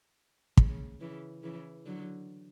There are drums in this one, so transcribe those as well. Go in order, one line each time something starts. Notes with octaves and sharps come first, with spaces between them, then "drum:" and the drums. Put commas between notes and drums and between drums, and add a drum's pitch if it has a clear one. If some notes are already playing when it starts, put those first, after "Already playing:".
C#3, drum: kick
C#3 E3
C#3 E3
D3 F#3